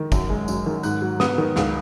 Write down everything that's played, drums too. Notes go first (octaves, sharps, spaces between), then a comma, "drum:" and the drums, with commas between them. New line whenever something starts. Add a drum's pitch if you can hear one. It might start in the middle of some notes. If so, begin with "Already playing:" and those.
Already playing: D#3
F#2, drum: kick, tambourine
G#3
F#2, drum: tambourine
D#3
G#2 F#6, drum: tambourine
F#3
B3 D#6, drum: snare
D#3
C#2, drum: snare